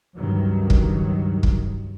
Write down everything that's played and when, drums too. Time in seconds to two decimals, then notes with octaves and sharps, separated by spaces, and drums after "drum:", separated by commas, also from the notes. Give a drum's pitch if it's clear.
0.15 C#2 G2 D#3 F#3
0.70 drum: kick
1.43 drum: kick